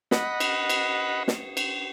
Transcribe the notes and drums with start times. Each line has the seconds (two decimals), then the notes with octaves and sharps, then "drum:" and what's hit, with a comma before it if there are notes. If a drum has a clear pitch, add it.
0.11 D#5 F#5 B5, drum: snare
0.40 drum: cymbal
0.70 drum: cymbal
1.28 drum: snare
1.57 drum: cymbal